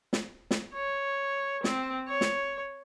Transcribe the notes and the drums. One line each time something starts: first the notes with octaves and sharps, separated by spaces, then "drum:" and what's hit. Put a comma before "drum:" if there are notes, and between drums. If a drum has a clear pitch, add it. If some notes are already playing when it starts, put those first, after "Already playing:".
drum: snare
drum: snare
C#5
C4, drum: snare
C#5
drum: snare